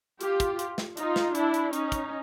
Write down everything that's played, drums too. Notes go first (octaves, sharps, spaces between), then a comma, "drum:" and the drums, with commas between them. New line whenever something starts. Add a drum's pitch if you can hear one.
F4 G4, drum: hi-hat
drum: kick, hi-hat
drum: hi-hat
drum: snare
D#4 F4, drum: hi-hat
drum: snare
D4 E4, drum: hi-hat
drum: hi-hat
C#4 D#4, drum: hi-hat
drum: kick, hi-hat